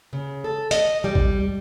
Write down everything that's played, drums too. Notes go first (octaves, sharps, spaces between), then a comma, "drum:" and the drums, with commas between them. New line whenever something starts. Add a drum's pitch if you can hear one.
C#3
A4
D#5, drum: hi-hat
G3
drum: kick